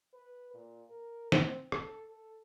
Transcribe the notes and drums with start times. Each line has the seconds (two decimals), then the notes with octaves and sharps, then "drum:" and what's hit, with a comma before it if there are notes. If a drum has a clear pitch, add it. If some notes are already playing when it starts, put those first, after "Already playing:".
0.13 B4
0.54 A#2
0.90 A#4
1.32 C4, drum: snare
1.72 A4, drum: rim click
2.10 A4